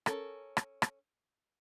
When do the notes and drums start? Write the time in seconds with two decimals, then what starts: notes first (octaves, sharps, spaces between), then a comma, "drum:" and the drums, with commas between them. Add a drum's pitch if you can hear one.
0.06 C#4 A4 A#4, drum: rim click
0.57 drum: rim click
0.82 drum: rim click